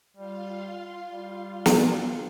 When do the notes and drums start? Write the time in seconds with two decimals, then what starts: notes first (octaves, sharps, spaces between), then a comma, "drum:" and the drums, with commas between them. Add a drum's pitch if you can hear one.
0.16 G3 F4 F5 C6
1.08 G3
1.66 drum: snare